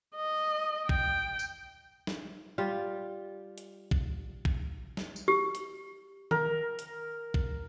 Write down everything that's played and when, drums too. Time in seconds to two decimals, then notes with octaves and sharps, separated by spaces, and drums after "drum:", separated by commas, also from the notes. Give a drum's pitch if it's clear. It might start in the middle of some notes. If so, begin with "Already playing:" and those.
0.16 D#5
0.89 G5, drum: kick A#1
1.39 drum: tambourine
2.07 drum: snare
2.58 G3 F4
3.58 drum: hi-hat
3.91 drum: kick A#1
4.45 drum: kick A#1
4.97 drum: snare
5.16 drum: tambourine
5.28 G4
5.55 drum: hi-hat
6.31 A#4, drum: tom D#3
6.79 drum: hi-hat
7.34 drum: kick A#1